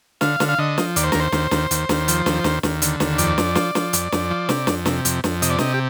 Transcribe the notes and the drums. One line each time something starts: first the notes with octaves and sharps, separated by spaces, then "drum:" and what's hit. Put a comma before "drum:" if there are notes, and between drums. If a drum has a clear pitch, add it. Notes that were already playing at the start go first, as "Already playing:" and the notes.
D3 F5, drum: snare
D3, drum: snare
F5
D3 D#5
F3, drum: snare
D#2 D5, drum: hi-hat
C5
D#2 A#4, drum: snare
C5
D#2, drum: snare
D#2, drum: snare
D#2, drum: hi-hat
D#2, drum: snare
F3, drum: hi-hat
D#2, drum: snare
D#2, drum: snare
D#2, drum: snare
D3, drum: hi-hat
D#2, drum: snare
F2 D5, drum: hi-hat
F2, drum: snare
F3, drum: snare
F3, drum: snare
F2, drum: hi-hat
F2, drum: snare
F3
C3, drum: snare
F2, drum: snare
C3, drum: snare
F2, drum: hi-hat
F2, drum: snare
C3 D#5, drum: hi-hat
D5
C3 D#5, drum: snare
G4